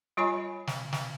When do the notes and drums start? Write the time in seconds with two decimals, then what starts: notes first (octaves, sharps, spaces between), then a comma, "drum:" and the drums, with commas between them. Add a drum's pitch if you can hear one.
0.17 G3 F4 C#5 D#5 G#5 B5
0.67 drum: snare
0.93 drum: snare